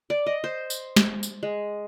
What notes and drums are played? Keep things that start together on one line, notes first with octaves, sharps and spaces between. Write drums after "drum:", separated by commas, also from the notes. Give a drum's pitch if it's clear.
D5
D#5
C5
drum: tambourine
drum: snare
drum: tambourine
G#3